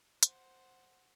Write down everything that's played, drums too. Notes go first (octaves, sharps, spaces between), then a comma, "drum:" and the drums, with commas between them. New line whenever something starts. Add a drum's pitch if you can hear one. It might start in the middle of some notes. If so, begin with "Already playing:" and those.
C5 F#5, drum: hi-hat